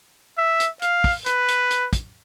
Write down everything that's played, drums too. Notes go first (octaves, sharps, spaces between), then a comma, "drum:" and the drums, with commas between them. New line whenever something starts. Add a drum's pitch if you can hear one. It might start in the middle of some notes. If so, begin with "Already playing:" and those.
E5
drum: hi-hat
F5, drum: hi-hat
drum: kick, open hi-hat
B4, drum: hi-hat
drum: hi-hat
drum: hi-hat
drum: kick, hi-hat